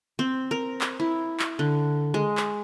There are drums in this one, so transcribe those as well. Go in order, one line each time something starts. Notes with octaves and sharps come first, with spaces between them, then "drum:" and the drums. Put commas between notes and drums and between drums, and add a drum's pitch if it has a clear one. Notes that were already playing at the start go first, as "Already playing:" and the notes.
C4
A#4
drum: clap
E4
drum: clap
D3
G#3
drum: clap